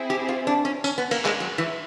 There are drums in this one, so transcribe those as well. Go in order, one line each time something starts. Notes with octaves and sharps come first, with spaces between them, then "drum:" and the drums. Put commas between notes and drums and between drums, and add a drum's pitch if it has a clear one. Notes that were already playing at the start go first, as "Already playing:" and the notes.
Already playing: C4 E4 G#4
G4
F4
D4
C#4
C#4, drum: tambourine
B3
A#3, drum: cymbal
G#3, drum: clap
F#3
E3